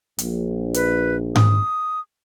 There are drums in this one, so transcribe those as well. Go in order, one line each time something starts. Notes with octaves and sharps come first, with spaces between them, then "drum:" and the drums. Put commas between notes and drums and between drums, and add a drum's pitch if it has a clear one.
A#1, drum: hi-hat
B4, drum: hi-hat
D#6, drum: tom G#2